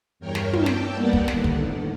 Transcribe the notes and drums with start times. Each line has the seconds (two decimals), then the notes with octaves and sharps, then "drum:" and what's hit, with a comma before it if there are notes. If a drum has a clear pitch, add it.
0.19 E2 G2 A#4 C#5 G5 F6
0.35 drum: snare
0.53 G5 A5 D6 E6 G6, drum: tom
0.66 drum: snare
0.90 G3 A#3 B3 A#4 D5 F#5
1.13 drum: kick
1.28 A2 D3 D#3, drum: snare
1.44 drum: kick